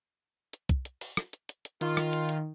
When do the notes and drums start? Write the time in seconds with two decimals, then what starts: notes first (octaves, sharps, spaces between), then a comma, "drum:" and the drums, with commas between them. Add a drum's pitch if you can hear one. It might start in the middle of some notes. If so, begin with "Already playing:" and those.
0.53 drum: hi-hat
0.69 drum: kick, hi-hat
0.85 drum: hi-hat
1.01 drum: open hi-hat
1.17 drum: rim click
1.33 drum: hi-hat
1.49 drum: hi-hat
1.65 drum: hi-hat
1.81 D#3 F4, drum: hi-hat
1.97 drum: rim click
2.13 drum: hi-hat
2.29 drum: hi-hat